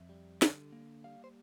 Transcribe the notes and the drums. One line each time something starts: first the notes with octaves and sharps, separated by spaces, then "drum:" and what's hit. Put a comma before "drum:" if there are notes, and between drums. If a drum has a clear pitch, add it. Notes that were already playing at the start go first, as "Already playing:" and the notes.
Already playing: F2 E5
G3
D3, drum: snare
A#3
G3 F5
C5